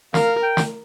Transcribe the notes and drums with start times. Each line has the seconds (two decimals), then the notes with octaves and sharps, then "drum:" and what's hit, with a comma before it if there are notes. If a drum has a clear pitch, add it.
0.14 A#4 F5, drum: snare
0.42 G5
0.57 drum: snare